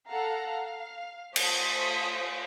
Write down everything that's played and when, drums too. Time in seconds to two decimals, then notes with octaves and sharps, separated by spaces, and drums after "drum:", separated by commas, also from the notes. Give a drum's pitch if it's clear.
0.10 A4 F5 F#5 A#5
0.51 F5
1.36 A3 F4 C5 D#6 B6, drum: cymbal